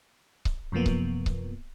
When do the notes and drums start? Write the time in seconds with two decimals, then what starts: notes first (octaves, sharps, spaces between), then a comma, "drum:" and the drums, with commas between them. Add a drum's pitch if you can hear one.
0.45 drum: kick C#1
0.72 F#2 C3 F3 A#3 B3
0.86 drum: kick C#1
1.26 drum: kick C#1